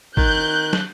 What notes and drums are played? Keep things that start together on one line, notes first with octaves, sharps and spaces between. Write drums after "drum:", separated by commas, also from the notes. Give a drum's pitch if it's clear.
D#3 F#6 G6, drum: kick
drum: snare